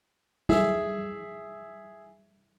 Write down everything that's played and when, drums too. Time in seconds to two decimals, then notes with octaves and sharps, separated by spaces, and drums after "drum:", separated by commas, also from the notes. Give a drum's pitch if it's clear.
0.49 G#4 E5, drum: tom G3